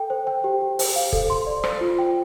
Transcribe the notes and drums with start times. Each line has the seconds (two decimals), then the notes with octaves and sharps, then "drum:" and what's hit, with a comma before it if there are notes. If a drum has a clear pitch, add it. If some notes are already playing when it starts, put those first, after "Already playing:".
Already playing: A4 G5
0.10 C5
0.27 G5
0.44 G4
0.61 G4
0.79 C5, drum: open hi-hat
0.96 F5
1.12 A4, drum: kick
1.30 C6
1.47 D5
1.64 C5, drum: rim click
1.81 F4
1.99 G5